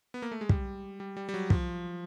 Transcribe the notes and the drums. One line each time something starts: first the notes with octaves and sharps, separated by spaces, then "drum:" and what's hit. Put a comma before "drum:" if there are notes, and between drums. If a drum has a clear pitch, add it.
B3
A#3
A3
G#3
G3, drum: kick
G3
G3
G3
F#3
F3, drum: kick